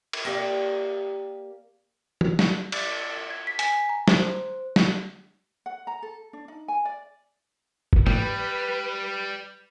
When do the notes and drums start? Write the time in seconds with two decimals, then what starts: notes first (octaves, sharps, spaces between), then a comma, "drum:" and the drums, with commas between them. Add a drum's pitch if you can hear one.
0.13 drum: cymbal
0.25 A#3 G4 D5 F5
2.21 drum: tom
2.39 drum: snare
2.72 D5, drum: cymbal
3.30 G#6
3.47 B6
3.59 G#5, drum: hi-hat
3.89 A#5
4.08 C5, drum: snare
4.76 drum: snare
5.66 F#5
5.87 A#5
6.02 A4
6.33 D4
6.48 D#4
6.68 G#5
6.85 D5
7.93 drum: kick
8.07 G3 B4, drum: tom G#2